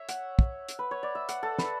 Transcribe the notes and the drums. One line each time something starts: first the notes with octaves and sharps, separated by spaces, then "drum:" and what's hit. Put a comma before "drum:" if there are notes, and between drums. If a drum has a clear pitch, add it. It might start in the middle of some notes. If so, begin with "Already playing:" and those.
Already playing: C#5 E5
F#5, drum: hi-hat
drum: kick
drum: hi-hat
B4
C#5
D5
E5
F#5, drum: hi-hat
A4
B4, drum: snare